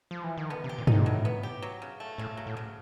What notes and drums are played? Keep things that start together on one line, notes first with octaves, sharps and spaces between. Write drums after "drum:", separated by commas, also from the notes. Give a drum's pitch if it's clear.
F3
E3
D#3
D3 B3
C3
G4
A#2
A2 D#4, drum: tom G2
F#3
B3
G4
F#3
C#3
A3
A2 C#3
F#3
A2
C#3